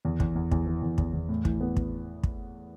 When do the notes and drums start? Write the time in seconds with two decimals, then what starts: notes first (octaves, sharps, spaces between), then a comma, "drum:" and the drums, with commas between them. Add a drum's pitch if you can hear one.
0.05 E2
0.20 E2, drum: kick
0.36 E2
0.51 E2, drum: kick
0.67 E3
0.82 E2
0.98 E2, drum: kick
1.14 E2
1.29 A2
1.45 E3, drum: kick
1.61 B3
1.77 drum: kick
2.23 drum: kick